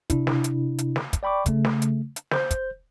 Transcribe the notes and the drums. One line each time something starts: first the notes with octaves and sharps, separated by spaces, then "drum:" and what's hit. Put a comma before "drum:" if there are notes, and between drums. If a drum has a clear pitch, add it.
C3 D4 E4, drum: kick, hi-hat
drum: snare
drum: hi-hat
drum: hi-hat
drum: snare
drum: kick, hi-hat
D5 G5 B5 C#6 D6
C#3 A3, drum: kick, hi-hat
drum: snare
drum: hi-hat
drum: hi-hat
C5 G6, drum: snare
drum: kick, hi-hat